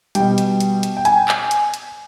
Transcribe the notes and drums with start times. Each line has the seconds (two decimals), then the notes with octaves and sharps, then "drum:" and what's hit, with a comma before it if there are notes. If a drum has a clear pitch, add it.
0.15 B2 G3 G5, drum: hi-hat
0.38 drum: hi-hat
0.60 drum: hi-hat
0.83 drum: hi-hat
0.97 G5
1.05 G#5, drum: hi-hat
1.28 drum: clap
1.51 drum: hi-hat
1.74 drum: hi-hat